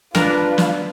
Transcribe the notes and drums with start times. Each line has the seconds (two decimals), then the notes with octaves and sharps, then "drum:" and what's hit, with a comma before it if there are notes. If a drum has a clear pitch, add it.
0.15 D4 F4 A#4 B4, drum: snare
0.58 drum: snare